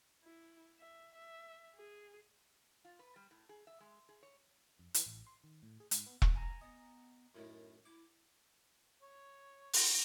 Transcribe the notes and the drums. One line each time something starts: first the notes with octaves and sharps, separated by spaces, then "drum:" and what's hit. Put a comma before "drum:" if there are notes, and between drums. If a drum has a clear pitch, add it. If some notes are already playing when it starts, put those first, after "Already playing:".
E4
E5
E5
G#4
F4
B4
G3
A2
G#4
E5
G#3
G#4
C#5
F2
E3, drum: hi-hat
A1
C6
D#3
A2
G#4
G#2, drum: hi-hat
B3
drum: kick E1
G#5 A#5
B3 D#5
F#2 A2 D#3 E4
E4 D6
C#5
drum: open hi-hat